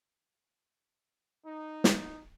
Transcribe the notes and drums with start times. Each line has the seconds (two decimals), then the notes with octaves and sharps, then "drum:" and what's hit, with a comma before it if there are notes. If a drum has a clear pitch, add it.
1.46 D#4
1.84 drum: snare